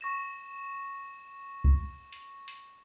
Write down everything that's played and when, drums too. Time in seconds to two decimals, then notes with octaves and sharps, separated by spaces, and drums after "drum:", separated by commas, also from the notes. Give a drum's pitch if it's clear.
0.01 C#6 A#6 E7
1.64 drum: kick C2
2.13 drum: hi-hat
2.48 drum: hi-hat